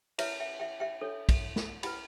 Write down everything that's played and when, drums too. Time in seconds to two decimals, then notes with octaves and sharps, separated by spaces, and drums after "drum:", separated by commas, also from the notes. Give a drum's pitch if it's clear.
0.18 E4 B4 C#5 E5, drum: cymbal
0.40 E5 G5
0.60 E5 G5
0.80 E5 G5
1.01 D4 A4 C#5
1.29 drum: kick, cymbal
1.56 drum: snare
1.83 E4 B4 G5 B5, drum: cymbal